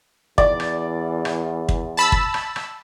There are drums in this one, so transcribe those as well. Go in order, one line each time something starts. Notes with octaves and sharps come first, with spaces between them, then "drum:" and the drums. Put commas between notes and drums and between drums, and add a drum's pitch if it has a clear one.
E2 D5, drum: kick
drum: rim click
drum: rim click
drum: kick
A5 B5 E6
drum: kick
drum: rim click
drum: rim click